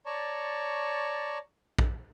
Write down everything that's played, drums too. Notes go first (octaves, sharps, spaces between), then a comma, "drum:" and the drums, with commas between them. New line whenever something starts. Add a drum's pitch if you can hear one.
C#5 D5 A5 A#5 C#6
drum: kick